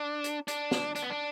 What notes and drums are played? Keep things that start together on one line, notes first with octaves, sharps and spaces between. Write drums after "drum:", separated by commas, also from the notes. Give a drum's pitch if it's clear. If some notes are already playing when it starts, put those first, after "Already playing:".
Already playing: D4
drum: hi-hat
D4, drum: hi-hat
drum: snare
D4, drum: hi-hat
B3
D4